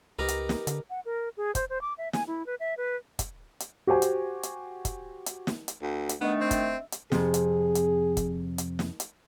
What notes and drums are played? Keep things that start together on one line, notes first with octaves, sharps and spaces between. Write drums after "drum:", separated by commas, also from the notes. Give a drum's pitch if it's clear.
C#2 D#4 G4 A#4 B4
drum: hi-hat
drum: snare
D3, drum: hi-hat
F#5
A#4
G#4
C5, drum: kick, hi-hat
C5
D6
E5
G#5, drum: snare
E4
B4
E5
B4
drum: kick, hi-hat
drum: hi-hat
F#4 G4 C5 G#5
drum: hi-hat
drum: hi-hat
drum: kick, hi-hat
drum: hi-hat
drum: snare
drum: hi-hat
D2
drum: hi-hat
D#3 A3 B3 D4 D#5
C4 E5
drum: kick, hi-hat
drum: hi-hat
F2 C3 G#4, drum: snare
drum: hi-hat
drum: hi-hat
drum: kick, hi-hat
drum: hi-hat
drum: snare
drum: hi-hat